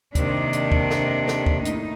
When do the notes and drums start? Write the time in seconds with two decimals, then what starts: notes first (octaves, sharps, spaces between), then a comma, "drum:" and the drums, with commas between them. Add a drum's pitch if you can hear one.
0.15 C3 D#3 A#3 D4, drum: kick, hi-hat
0.53 drum: hi-hat
0.72 drum: kick
0.90 drum: snare
1.28 drum: snare
1.46 drum: kick
1.65 A2 D#4, drum: hi-hat